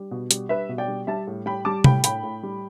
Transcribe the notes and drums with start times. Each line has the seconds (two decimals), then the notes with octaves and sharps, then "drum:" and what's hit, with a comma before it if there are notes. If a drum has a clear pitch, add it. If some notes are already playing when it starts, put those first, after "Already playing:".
Already playing: G3
0.11 B2
0.31 G3, drum: hi-hat
0.49 G3 B4 E5
0.69 B2
0.78 D5 G5
0.88 G3
1.07 G3 E5 A5
1.27 A2
1.46 G3 G5 B5
1.65 G3 A5 D6
1.84 A2 G5 B5, drum: tom C3
2.04 A2 G5 B5, drum: hi-hat
2.23 A2
2.43 G3